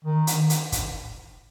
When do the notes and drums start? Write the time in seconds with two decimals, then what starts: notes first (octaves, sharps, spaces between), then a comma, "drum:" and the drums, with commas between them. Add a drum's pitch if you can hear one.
0.04 D#3
0.27 drum: hi-hat
0.50 drum: hi-hat
0.72 drum: kick, hi-hat